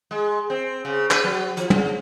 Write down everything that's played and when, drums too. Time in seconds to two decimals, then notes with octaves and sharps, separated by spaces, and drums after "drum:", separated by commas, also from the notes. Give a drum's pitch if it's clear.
0.11 G#3
0.50 C4
0.85 C#3
1.11 B4, drum: clap
1.24 F#3
1.57 F3, drum: hi-hat
1.70 C#3, drum: tom